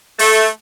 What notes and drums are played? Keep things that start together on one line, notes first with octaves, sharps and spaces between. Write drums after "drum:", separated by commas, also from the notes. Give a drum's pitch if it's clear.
A3, drum: open hi-hat